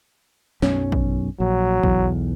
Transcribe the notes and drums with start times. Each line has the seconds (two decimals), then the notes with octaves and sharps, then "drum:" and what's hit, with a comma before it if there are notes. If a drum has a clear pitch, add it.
0.62 B1 F#2 C#4, drum: snare
0.92 drum: kick A1
1.40 A#1 F#3
1.83 B1 E2, drum: kick A1